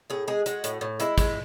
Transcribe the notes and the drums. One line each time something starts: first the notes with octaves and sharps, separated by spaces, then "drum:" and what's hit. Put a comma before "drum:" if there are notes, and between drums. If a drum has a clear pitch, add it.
A2 G#4
G#3 G#4
G#3 F#4, drum: hi-hat
A2, drum: hi-hat
A2
G#3 E4, drum: hi-hat
G#3, drum: kick, hi-hat